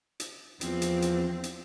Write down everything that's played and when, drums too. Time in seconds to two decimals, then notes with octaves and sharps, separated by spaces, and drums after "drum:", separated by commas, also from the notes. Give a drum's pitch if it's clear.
0.20 drum: hi-hat
0.61 E2 F3 C4, drum: hi-hat
0.82 drum: hi-hat
1.02 drum: hi-hat
1.44 drum: hi-hat